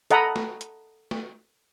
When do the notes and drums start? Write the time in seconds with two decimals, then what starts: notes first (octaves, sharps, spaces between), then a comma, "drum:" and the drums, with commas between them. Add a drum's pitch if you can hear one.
0.10 A4 D#5 F#5 A#5 B5, drum: hi-hat
0.36 drum: snare
0.61 drum: hi-hat
1.11 drum: snare